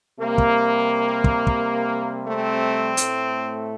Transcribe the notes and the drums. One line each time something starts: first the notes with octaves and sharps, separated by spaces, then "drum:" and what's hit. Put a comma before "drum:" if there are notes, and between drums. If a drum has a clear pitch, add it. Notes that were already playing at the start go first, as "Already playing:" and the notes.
C3 G3 A#3
drum: kick
drum: kick
drum: kick
A3 C4
A2 A3, drum: hi-hat